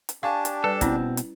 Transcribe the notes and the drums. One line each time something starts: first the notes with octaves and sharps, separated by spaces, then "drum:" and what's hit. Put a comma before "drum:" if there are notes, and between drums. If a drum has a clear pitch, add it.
drum: hi-hat
D4 G4 F5 G#5 A5 C#6
drum: hi-hat
G3 A4 B4
B2 C4 C#4 E4, drum: kick, hi-hat
drum: hi-hat